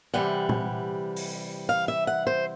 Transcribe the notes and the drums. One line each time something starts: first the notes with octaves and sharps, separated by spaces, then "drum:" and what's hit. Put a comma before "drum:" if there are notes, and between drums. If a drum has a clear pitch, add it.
C3 E3 G3 F#5
drum: tom
drum: open hi-hat
F5
E5
F#5
C5